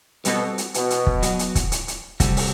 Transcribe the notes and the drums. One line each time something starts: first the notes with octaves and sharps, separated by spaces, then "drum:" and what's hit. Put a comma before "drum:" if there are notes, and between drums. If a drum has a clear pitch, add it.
B2 G3 C4 F#4 A4, drum: hi-hat
drum: hi-hat
B2, drum: hi-hat
drum: hi-hat
drum: kick
F#3 B3 F#4, drum: hi-hat
drum: hi-hat
drum: kick, hi-hat
drum: hi-hat
drum: hi-hat
C3 G3 C4 F#4 A4, drum: kick, hi-hat
drum: open hi-hat